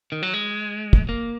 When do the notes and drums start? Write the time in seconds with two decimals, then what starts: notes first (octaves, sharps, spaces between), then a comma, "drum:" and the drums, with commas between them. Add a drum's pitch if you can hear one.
0.12 D#3
0.23 F#3
0.34 G#3
0.93 drum: kick
1.09 A#3